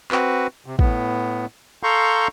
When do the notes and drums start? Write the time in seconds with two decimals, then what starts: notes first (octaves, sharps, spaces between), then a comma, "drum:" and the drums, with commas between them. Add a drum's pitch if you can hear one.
0.12 C4 F#4 B4, drum: clap
0.66 C3
0.79 A2 B3, drum: kick
1.83 A4 F5 A#5 C6 C#6 G6